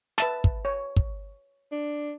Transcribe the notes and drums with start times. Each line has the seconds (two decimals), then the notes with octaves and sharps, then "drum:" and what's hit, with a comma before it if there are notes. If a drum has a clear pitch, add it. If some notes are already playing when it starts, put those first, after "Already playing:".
0.18 B4 E5 A5, drum: snare
0.44 drum: kick
0.65 C#5
0.96 drum: kick
1.72 D4